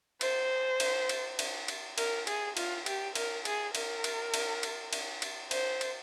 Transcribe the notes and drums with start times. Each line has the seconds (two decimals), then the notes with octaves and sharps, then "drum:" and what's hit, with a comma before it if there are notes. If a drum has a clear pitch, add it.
0.21 C5, drum: cymbal
0.80 drum: cymbal
1.09 drum: cymbal
1.39 drum: cymbal
1.68 drum: cymbal
1.98 A#4, drum: cymbal
2.27 G#4, drum: cymbal
2.57 F4, drum: cymbal
2.86 G4, drum: cymbal
3.15 A#4, drum: cymbal
3.45 G#4, drum: cymbal
3.75 A#4, drum: cymbal
4.04 drum: cymbal
4.34 drum: cymbal
4.63 drum: cymbal
4.93 drum: cymbal
5.22 drum: cymbal
5.51 C5, drum: cymbal
5.81 drum: cymbal